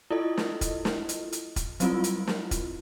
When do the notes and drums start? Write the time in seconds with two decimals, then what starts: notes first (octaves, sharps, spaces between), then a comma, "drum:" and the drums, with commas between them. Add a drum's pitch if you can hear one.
0.11 E4 F4 A4 D#5
0.37 drum: snare
0.61 drum: kick E1, hi-hat
0.85 drum: snare
1.09 drum: hi-hat
1.32 drum: hi-hat
1.56 drum: kick E1, hi-hat
1.80 F#3 G3 C4 E4 F4, drum: hi-hat
2.04 drum: hi-hat
2.27 drum: snare
2.51 drum: kick E1, hi-hat